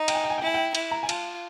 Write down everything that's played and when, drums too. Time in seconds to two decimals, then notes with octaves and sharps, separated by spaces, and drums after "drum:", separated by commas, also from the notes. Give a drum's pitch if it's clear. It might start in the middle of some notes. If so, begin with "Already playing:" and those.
Already playing: D#4
0.08 G5, drum: cymbal
0.15 G#5
0.24 G5
0.30 G#5
0.38 G5
0.42 E4 G#5
0.54 G5
0.75 E4, drum: cymbal
0.91 A#5
1.03 G#5
1.09 F4 A5, drum: cymbal